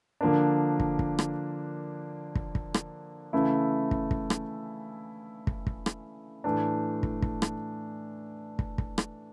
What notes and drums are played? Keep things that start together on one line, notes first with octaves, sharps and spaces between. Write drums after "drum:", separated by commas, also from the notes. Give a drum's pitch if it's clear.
D3 F3 A#3 D4
drum: kick
drum: kick
drum: rim click
drum: kick
drum: kick
drum: rim click
C#3 E3 A3 C#4 E4
drum: kick
drum: kick
drum: rim click
drum: kick
drum: kick
drum: rim click
A2 E3 A3 D4
drum: kick
drum: kick
drum: rim click
drum: kick
drum: kick
drum: rim click